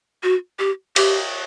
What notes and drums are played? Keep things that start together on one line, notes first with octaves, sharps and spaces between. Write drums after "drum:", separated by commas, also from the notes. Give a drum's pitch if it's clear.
F#4
G4
G4, drum: cymbal